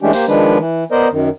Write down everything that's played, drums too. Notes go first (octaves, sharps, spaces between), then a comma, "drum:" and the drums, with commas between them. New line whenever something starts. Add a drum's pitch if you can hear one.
E3 G#3 A3 C#4 D4 G4
A#3 G4 C5, drum: open hi-hat
D#3 F3 G#3 D4 B4
E3
B3 A#4 C5 D5 D#5
F#2 D#3